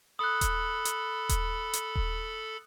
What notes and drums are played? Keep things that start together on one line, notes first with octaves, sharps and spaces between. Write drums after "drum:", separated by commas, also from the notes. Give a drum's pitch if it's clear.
A4 B5 D#6 F#6
drum: kick D#1, hi-hat
drum: hi-hat
drum: kick D#1, hi-hat
drum: hi-hat
drum: kick D#1